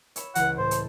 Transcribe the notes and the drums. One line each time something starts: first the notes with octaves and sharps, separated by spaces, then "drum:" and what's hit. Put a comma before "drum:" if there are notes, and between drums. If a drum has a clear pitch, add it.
C#5 E5 B5, drum: hi-hat
C#2 E3 F#5, drum: hi-hat
A2 C5 A5
drum: hi-hat